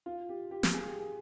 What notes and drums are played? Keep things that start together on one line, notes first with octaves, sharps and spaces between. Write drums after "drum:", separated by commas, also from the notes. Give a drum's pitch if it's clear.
F4
G4
G4
drum: snare
G#4
G4
G#4